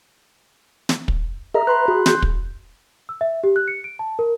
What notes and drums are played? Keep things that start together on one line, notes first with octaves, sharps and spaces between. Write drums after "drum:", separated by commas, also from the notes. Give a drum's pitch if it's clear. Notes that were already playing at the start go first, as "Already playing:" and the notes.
drum: snare
drum: kick
G#4 A#4 D#5 E5 A#5
B4 B5 C6 F#6
F#4 G#4
C6 F#6 G6, drum: snare
drum: kick
E6
E5
G4
F#6
C#7
D7
A5
A#4